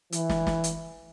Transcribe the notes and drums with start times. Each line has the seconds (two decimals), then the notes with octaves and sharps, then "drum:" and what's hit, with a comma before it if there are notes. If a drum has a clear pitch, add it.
0.12 E3, drum: hi-hat
0.30 drum: snare
0.47 drum: snare
0.64 drum: hi-hat